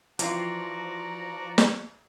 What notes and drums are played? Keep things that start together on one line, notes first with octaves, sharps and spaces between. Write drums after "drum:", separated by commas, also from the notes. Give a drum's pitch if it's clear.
E3 F3 C4 F4 F#4 D5 A#5, drum: hi-hat
drum: snare